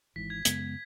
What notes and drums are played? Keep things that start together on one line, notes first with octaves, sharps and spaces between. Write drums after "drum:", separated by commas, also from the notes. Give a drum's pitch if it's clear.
G#1 G#2 E3 B6
G#6
F#2 C#3 G#3 B3 G#6, drum: hi-hat